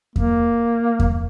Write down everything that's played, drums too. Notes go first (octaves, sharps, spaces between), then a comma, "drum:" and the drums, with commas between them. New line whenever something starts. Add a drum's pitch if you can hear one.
A#3, drum: kick E2
drum: kick E2